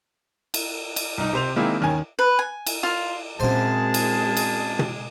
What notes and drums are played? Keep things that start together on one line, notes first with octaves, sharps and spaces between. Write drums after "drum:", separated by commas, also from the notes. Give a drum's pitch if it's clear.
drum: cymbal
drum: cymbal
C2 D#4
C3 C5 F7
D#3 G#3 A#3 C4 D#4 E4
D#2 D#3 C#4 G#5
B4
G#5
drum: cymbal
F4
F#2 A#2 G#3 C4 G#4 C5 A5
drum: cymbal
drum: cymbal
drum: tom